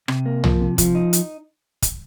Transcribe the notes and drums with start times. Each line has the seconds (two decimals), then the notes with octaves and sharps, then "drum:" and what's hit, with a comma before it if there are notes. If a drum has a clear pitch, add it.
0.08 C3, drum: rim click
0.26 A#3
0.44 F3, drum: tom
0.61 C3
0.78 F3, drum: kick, hi-hat
0.95 D#4
1.13 drum: hi-hat
1.82 drum: kick, hi-hat